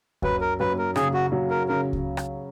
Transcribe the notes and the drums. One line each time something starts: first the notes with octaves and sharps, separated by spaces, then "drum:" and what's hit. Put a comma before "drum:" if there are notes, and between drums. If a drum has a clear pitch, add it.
F#2 B4, drum: kick C#2
A#4
F#2 B4
A#4
C#3 G#4, drum: rim click
F#4
F#3
A#4
C#3 A#4
drum: kick C#2
drum: rim click